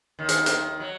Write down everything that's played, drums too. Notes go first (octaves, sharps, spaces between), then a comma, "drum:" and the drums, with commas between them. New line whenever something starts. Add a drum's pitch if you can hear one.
D#2 D#3
drum: hi-hat
drum: hi-hat
F#3